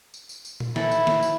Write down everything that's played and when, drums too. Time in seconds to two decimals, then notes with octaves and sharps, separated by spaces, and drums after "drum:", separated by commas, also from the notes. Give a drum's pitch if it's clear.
0.14 drum: tambourine
0.29 drum: tambourine
0.45 drum: tambourine
0.60 drum: tom A#2
0.76 E3 E4 A4 B5, drum: snare
0.91 drum: tambourine
1.07 drum: snare
1.23 drum: tambourine